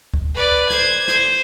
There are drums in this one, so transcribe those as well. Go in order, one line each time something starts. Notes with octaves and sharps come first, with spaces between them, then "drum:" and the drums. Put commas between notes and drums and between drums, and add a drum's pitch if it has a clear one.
drum: kick C#2
B4 D5
C5 G#6, drum: snare
C5, drum: snare